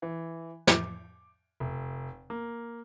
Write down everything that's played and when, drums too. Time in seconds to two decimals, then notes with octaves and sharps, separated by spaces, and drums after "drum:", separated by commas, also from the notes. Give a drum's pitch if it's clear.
0.02 E3
0.67 D6, drum: snare
1.60 F1
2.30 A#3